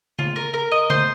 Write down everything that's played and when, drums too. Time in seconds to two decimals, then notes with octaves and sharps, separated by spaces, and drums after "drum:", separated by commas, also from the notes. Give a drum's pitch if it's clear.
0.19 F4, drum: tom C#3
0.36 A#4
0.54 A#4
0.72 D#5
0.90 C5, drum: tom C#3